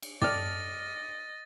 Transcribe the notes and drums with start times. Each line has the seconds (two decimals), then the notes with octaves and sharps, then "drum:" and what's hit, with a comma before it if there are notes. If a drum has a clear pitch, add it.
0.02 drum: cymbal
0.22 G4 A4 D5 D#5 D6 F6 A6, drum: tom